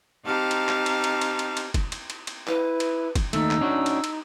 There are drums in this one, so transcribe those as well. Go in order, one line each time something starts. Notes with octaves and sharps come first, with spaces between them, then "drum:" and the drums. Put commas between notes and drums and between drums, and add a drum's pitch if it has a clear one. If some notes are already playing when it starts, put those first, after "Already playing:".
C4 D#4 G4 F5 A5 A#5
drum: cymbal
drum: clap
drum: cymbal
drum: cymbal
drum: cymbal
drum: cymbal
drum: cymbal
drum: kick, cymbal
drum: cymbal
drum: cymbal
drum: cymbal
E4 B4, drum: clap
drum: cymbal
drum: kick, cymbal
D#2 A3 D#4 E6, drum: cymbal
drum: clap
C#4 D4 F#4
drum: cymbal
drum: cymbal